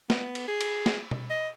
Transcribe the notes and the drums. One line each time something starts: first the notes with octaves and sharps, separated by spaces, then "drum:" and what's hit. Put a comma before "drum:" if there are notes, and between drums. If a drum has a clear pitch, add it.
B3, drum: snare
drum: cymbal
G#4
drum: cymbal
drum: snare
drum: tom B2
D#5